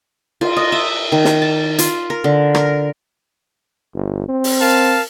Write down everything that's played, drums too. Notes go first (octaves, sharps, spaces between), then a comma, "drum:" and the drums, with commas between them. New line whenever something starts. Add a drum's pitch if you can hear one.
F4, drum: cymbal
D#5
E5
D#3
drum: snare
A5
F4, drum: hi-hat
A#4
D3
A#4, drum: rim click
G1
C4
drum: open hi-hat
A#4 F5 A5